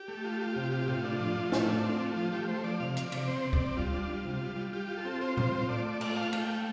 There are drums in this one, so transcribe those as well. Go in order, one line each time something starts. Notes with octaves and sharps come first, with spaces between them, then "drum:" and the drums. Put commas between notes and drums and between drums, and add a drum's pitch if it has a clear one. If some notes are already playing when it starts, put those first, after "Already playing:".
Already playing: G4
A3
F4
F4
C3
F4
G4
A2 F4
D4
F3
A2
A3, drum: snare
D4
C4 F4
A3
F3
A3 G4
A3 C5
F3 D5
C3 F5
F3, drum: hi-hat
D5
C3, drum: cymbal
C4 C5
C3
D5, drum: kick
C4
G3 F4
D4
G3
C3
G3
G3
F4 G4
F4
A4
C4
F4 C5
C4, drum: tom A2
F4
A3 D5
A3
F4, drum: cymbal
A3 F5
A3, drum: cymbal
G5
A3